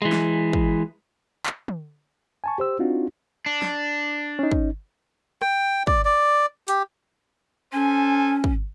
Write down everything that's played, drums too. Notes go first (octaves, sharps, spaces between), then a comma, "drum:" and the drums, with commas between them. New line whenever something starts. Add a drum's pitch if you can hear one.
E3 G#3
drum: snare
drum: kick
drum: clap
drum: tom
G#5 A5 C#6
G4 C5 E6
C4 D4 D#4 F4 F#4
D4
drum: snare
C#4 D#4
drum: kick
G5, drum: rim click
D5, drum: kick
D5
G4, drum: hi-hat
C#4 A4 C5 G#5
drum: kick